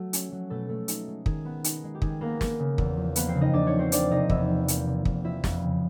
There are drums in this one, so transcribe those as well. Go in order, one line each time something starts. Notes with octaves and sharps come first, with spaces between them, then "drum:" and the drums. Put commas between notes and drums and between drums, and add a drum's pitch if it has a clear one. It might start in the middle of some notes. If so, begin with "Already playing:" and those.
Already playing: F#3 A3
C#4, drum: hi-hat
F#3
B2 A3 A4
A3
D#4, drum: hi-hat
G#3
D#3 G#4, drum: kick
B3
D#4, drum: hi-hat
G#3
G4
D#3 G#4, drum: kick
A#3 B3 A#4
A#3, drum: snare
C#3
E2, drum: kick
F3
A#3 B3 B4, drum: hi-hat
C4 C5
C#3
D#4 D#5
E2 D4 D5
C#4 C#5
F3
C4 C5
A#3 D4 D5, drum: hi-hat
C3 D#4 D#5
E2 E4 E5, drum: kick
F3
A#3, drum: hi-hat
C3
E2, drum: kick
F3 E4 E5
F2, drum: snare
C#3